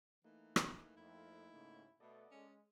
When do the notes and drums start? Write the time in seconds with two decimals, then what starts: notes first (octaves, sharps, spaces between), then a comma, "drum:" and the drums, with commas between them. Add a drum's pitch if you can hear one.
0.24 E3 A3 A#3 D#4
0.56 drum: rim click
0.97 F2 E4
1.52 D#2 G#2 C#3
2.00 B2 A3 B3 A4 D5 D#5
2.31 G#3 C#4